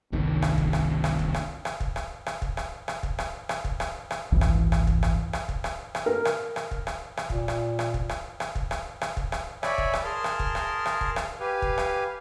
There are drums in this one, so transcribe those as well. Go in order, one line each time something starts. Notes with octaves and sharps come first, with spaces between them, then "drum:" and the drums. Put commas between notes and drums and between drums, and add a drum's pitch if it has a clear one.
G1 C2 D#3
drum: rim click
drum: kick
drum: rim click
drum: rim click
drum: kick
drum: rim click
drum: rim click
drum: kick
drum: rim click
drum: rim click
drum: kick
drum: rim click
drum: rim click
drum: kick
drum: rim click
drum: rim click
drum: kick
drum: rim click
drum: rim click
G#1 C#2 F#2 E3
drum: rim click
drum: rim click
drum: kick
drum: rim click
drum: rim click
drum: kick
drum: rim click
drum: rim click
A#4
drum: rim click
drum: rim click
drum: kick
drum: rim click
drum: rim click
A#2, drum: kick
drum: rim click
drum: rim click
drum: kick
drum: rim click
drum: rim click
drum: kick
drum: rim click
drum: rim click
drum: kick
drum: rim click
C#5 D5 E5 G#5 B5 D6, drum: rim click
drum: kick
drum: rim click
G#4 A#4 A5 C6 F6
drum: rim click
drum: kick
drum: rim click
drum: rim click
drum: kick
drum: rim click
G4 B4 F5 G#5
drum: kick
drum: rim click